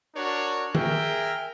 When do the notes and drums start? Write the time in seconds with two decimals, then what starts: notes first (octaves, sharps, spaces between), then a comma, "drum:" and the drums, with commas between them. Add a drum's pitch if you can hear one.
0.16 D4 F#4 A#4 C#5
0.75 G#4 A#4 E5 G5, drum: tom D#3